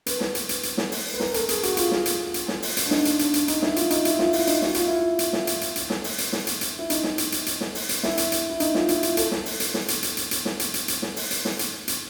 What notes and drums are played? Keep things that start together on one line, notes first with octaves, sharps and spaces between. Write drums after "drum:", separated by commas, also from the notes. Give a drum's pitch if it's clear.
B4, drum: hi-hat
drum: snare
drum: hi-hat
drum: hi-hat
drum: hi-hat
drum: snare
drum: open hi-hat
B4
A#4, drum: snare
A4, drum: hi-hat
G#4, drum: hi-hat
F#4, drum: hi-hat
F4, drum: hi-hat
drum: snare
drum: hi-hat
drum: hi-hat
drum: snare
drum: open hi-hat
drum: hi-hat
D4
D#4, drum: snare
drum: hi-hat
D4, drum: hi-hat
drum: hi-hat
D#4, drum: hi-hat
E4, drum: snare
F4, drum: hi-hat
D#4, drum: hi-hat
E4, drum: hi-hat
F4, drum: snare
E4
F4, drum: open hi-hat
D#4, drum: hi-hat
F#4, drum: snare
F4, drum: hi-hat
E4
F4
drum: hi-hat
drum: snare
drum: hi-hat
drum: hi-hat
drum: hi-hat
drum: snare
drum: open hi-hat
drum: hi-hat
drum: snare
drum: hi-hat
drum: hi-hat
E4
D#4, drum: hi-hat
drum: snare
drum: hi-hat
drum: hi-hat
drum: hi-hat
drum: snare
drum: open hi-hat
drum: hi-hat
E4, drum: snare
drum: hi-hat
drum: hi-hat
E4
D#4, drum: hi-hat
F4, drum: snare
E4, drum: hi-hat
F4, drum: hi-hat
A4, drum: hi-hat
drum: snare
drum: open hi-hat
drum: hi-hat
drum: snare
drum: hi-hat
drum: hi-hat
drum: hi-hat
drum: hi-hat
drum: snare
drum: hi-hat
drum: hi-hat
drum: hi-hat
drum: snare
drum: open hi-hat
drum: hi-hat
drum: snare
drum: hi-hat
drum: hi-hat